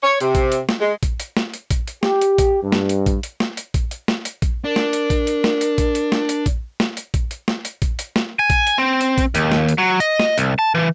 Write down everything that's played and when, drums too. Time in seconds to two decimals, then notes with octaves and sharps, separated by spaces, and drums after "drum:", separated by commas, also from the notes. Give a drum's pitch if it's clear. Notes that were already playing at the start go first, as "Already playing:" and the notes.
0.03 C#5
0.20 C3, drum: hi-hat
0.35 drum: kick A#1, hi-hat
0.52 drum: hi-hat
0.69 drum: snare
0.80 G#3
1.03 drum: kick A#1, hi-hat
1.20 drum: hi-hat
1.37 drum: snare
1.54 drum: hi-hat
1.71 drum: kick A#1, hi-hat
1.87 drum: hi-hat
2.03 G4, drum: snare
2.21 drum: hi-hat
2.38 drum: kick A#1, hi-hat
2.63 G2
2.72 drum: snare
2.89 drum: hi-hat
3.06 drum: kick A#1, hi-hat
3.23 drum: hi-hat
3.40 drum: snare
3.57 drum: hi-hat
3.74 drum: kick A#1, hi-hat
3.91 drum: hi-hat
4.08 drum: snare
4.25 drum: hi-hat
4.42 drum: kick A#1, hi-hat
4.64 D4 A#4
4.76 drum: snare
4.93 drum: hi-hat
5.10 drum: kick A#1, hi-hat
5.27 drum: hi-hat
5.44 drum: snare
5.61 drum: hi-hat
5.78 drum: kick A#1, hi-hat
5.95 drum: hi-hat
6.12 drum: snare
6.29 drum: hi-hat
6.46 drum: kick A#1, hi-hat
6.80 drum: snare
6.97 drum: hi-hat
7.14 drum: kick A#1, hi-hat
7.31 drum: hi-hat
7.48 drum: snare
7.65 drum: hi-hat
7.82 drum: kick A#1, hi-hat
7.99 drum: hi-hat
8.16 drum: snare
8.39 G#5
8.50 drum: kick A#1, hi-hat
8.67 drum: hi-hat
8.78 C4
9.01 drum: hi-hat
9.18 drum: kick A#1, hi-hat
9.35 D#2, drum: hi-hat
9.52 drum: snare
9.69 drum: hi-hat
9.78 F#3
10.00 D#5, drum: hi-hat
10.19 drum: snare
10.38 C2, drum: hi-hat
10.59 A5
10.75 E3